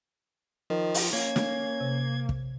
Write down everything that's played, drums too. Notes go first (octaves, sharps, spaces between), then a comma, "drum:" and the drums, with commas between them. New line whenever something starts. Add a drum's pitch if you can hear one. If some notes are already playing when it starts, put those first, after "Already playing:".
D#3 F3
drum: open hi-hat
A#3 C#4 G#6
drum: snare
C3
drum: kick